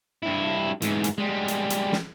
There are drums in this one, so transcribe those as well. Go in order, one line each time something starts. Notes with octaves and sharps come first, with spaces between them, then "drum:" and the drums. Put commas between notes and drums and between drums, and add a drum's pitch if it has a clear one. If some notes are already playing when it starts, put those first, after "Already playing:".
G2 E4
G#2 E3, drum: hi-hat
drum: hi-hat
G3 G#3
drum: hi-hat
drum: hi-hat
drum: snare